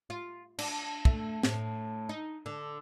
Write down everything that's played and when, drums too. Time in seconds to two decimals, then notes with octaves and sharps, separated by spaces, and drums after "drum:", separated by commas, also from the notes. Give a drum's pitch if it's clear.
0.10 F4
0.59 D4, drum: cymbal
1.05 A3, drum: kick
1.43 A2, drum: snare
2.09 D#4
2.46 D3